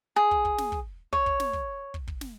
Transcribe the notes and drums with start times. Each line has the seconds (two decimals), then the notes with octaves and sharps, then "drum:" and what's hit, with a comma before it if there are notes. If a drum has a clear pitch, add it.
0.16 G#4
0.31 drum: kick
0.45 drum: kick
0.58 drum: snare
0.72 drum: kick
1.13 C#5, drum: kick
1.26 drum: kick
1.40 drum: snare
1.53 drum: kick
1.94 drum: kick
2.08 drum: kick
2.21 drum: snare